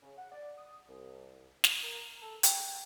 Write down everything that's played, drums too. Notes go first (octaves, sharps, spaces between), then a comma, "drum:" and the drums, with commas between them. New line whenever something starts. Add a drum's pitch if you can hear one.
C#3
F#5
D5
D#6
C2
drum: snare
A#4
A4
G5, drum: hi-hat